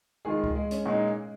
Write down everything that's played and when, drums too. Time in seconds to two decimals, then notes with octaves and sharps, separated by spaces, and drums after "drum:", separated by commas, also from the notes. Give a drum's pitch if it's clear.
0.25 D#3 G#3 F4 G#4
0.44 drum: kick C#2
0.55 G#3
0.71 C#4, drum: hi-hat
0.86 A#2 G#3 D#4